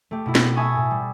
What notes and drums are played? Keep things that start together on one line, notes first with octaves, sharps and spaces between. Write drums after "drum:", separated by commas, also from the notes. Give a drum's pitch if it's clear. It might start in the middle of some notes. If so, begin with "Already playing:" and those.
A3 G4
B2 E4
drum: snare
E5 G#5 A5 B5 C#6 D#6
A2
G3